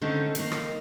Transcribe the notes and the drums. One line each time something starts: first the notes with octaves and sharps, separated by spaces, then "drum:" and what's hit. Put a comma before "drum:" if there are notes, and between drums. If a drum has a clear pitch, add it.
D3 D#3 A3 C4 C#4 D#4
D#3 A#3, drum: hi-hat
drum: rim click